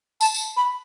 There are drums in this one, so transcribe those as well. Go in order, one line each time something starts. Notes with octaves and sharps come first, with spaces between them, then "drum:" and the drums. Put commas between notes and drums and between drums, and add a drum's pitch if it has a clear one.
A5, drum: tambourine
drum: tambourine
B5